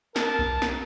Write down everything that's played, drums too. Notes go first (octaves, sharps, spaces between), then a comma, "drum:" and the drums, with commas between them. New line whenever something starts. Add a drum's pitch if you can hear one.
A#4 A5, drum: snare
drum: kick B1
drum: snare